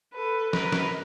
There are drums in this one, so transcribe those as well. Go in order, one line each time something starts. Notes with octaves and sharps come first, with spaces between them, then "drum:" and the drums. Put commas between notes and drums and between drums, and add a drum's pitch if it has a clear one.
A4 B4
A#4 B4, drum: snare
drum: snare